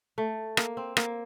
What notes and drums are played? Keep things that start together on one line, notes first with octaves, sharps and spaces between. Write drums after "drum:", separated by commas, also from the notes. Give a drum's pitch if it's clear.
A3
A#3, drum: rim click
C4
A#3, drum: rim click